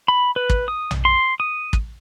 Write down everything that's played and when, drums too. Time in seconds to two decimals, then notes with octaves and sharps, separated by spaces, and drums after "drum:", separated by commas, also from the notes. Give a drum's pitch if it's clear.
0.08 B5
0.36 B4
0.50 drum: kick
0.68 D#6
0.91 drum: tom A#1
1.05 C6
1.40 D#6
1.73 drum: kick